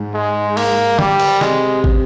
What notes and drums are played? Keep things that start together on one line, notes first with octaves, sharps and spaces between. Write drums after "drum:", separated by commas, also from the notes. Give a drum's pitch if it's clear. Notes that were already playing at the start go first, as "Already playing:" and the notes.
Already playing: G#2
G#3
A#3, drum: open hi-hat
G3, drum: tom D3
drum: cymbal
C3 G#3, drum: snare
drum: kick